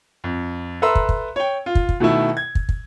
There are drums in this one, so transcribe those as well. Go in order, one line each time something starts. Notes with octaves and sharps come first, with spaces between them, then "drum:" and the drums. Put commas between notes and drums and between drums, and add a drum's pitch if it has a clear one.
F2
A4 B4 E5 A#5 C6 E6
drum: kick
drum: kick
C#5 G5
F4
drum: kick
drum: kick
B2 D#3 A3 E4
G#6
drum: kick
drum: kick